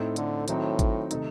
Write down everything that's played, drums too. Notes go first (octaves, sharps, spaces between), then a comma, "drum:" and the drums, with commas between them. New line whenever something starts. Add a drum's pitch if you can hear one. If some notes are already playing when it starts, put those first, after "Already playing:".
Already playing: A2 A3 C4 D#4
D3, drum: hi-hat
A2 D#3 F#3 C4 D#4, drum: hi-hat
drum: kick G#1, hi-hat
C3 D#3 A3 D#4, drum: hi-hat